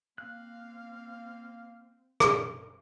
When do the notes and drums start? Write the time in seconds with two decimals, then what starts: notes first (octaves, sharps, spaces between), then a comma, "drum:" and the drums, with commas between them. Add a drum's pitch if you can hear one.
0.18 A#3 C4 F5 F#6
2.20 drum: rim click